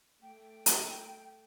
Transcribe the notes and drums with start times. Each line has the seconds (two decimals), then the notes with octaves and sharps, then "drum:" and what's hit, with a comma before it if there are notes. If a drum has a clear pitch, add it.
0.22 A3 G5
0.66 drum: hi-hat